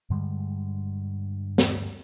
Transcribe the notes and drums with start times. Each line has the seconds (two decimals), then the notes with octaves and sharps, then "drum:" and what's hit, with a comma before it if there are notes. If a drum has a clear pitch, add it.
0.10 G2 D3 G3 G#3
1.58 drum: snare